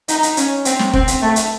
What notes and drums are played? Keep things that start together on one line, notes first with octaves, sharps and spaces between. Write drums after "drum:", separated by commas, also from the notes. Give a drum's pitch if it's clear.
D#4, drum: hi-hat
drum: hi-hat
C#4, drum: hi-hat
C4, drum: hi-hat
drum: snare
C4, drum: kick F1
drum: hi-hat
A3
drum: hi-hat